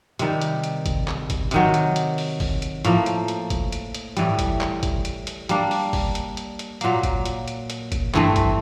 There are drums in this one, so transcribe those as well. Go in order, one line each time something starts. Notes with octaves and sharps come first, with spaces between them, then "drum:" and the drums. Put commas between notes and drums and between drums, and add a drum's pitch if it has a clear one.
C3 D#3 G3, drum: hi-hat
drum: hi-hat
drum: hi-hat
drum: kick G1, hi-hat
drum: clap
drum: kick G1, hi-hat
C3 D#3 F#3, drum: hi-hat
drum: hi-hat
drum: hi-hat
drum: open hi-hat
drum: kick G1, open hi-hat
drum: hi-hat
A2 F3 A#3, drum: hi-hat
drum: hi-hat
drum: hi-hat
drum: kick G1, hi-hat
drum: hi-hat
drum: hi-hat
A2 E3 G3, drum: hi-hat
drum: kick G1, hi-hat
drum: clap
drum: kick G1, hi-hat
drum: hi-hat
drum: hi-hat
G3 A#3 D4, drum: hi-hat
drum: open hi-hat
drum: kick G1, open hi-hat
drum: hi-hat
drum: hi-hat
drum: hi-hat
A#2 F#3 A#3, drum: hi-hat
drum: kick G1, hi-hat
drum: hi-hat
drum: hi-hat
drum: hi-hat
drum: kick G1, hi-hat
G2 E3 A3 C4, drum: clap
drum: kick G1, hi-hat